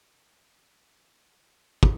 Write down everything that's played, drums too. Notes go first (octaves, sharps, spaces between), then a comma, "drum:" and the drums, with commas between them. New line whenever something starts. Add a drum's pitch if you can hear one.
A#2 F3 G4 A#4
G#4 C5
A#4 C#5
C5 D#5
C5 D#5
drum: kick